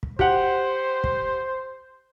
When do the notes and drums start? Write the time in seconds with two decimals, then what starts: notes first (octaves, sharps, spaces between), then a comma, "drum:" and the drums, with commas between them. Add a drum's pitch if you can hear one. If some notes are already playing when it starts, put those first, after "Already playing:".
0.03 drum: kick
0.19 G4 C5 F#5, drum: kick
1.04 drum: kick